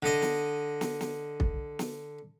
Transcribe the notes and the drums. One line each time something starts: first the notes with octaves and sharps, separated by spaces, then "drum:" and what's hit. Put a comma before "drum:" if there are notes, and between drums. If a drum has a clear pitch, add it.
D3 D#5
drum: snare
drum: snare
drum: snare
drum: kick
drum: snare